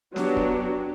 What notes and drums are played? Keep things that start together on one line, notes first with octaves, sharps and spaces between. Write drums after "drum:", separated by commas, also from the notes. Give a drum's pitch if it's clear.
F#3 B3 D4 G4, drum: snare
drum: kick